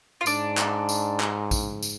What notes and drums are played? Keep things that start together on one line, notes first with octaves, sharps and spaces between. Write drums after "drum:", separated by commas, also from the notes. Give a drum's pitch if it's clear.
F4
G#2 D4, drum: tambourine
drum: clap
drum: tambourine
drum: clap
drum: kick A#1, tambourine
drum: tambourine